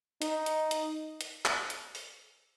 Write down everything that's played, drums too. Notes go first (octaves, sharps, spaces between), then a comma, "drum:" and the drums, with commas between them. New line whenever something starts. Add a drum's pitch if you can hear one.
D#4, drum: hi-hat
drum: hi-hat
drum: hi-hat
drum: hi-hat
drum: clap
drum: hi-hat
drum: open hi-hat